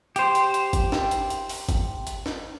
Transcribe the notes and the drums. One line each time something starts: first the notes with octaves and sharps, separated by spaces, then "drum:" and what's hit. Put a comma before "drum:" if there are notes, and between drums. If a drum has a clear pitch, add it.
G4 C5, drum: hi-hat
drum: hi-hat
drum: hi-hat
drum: kick, hi-hat
drum: snare
drum: hi-hat
drum: hi-hat
drum: open hi-hat
drum: kick, hi-hat
drum: hi-hat
drum: snare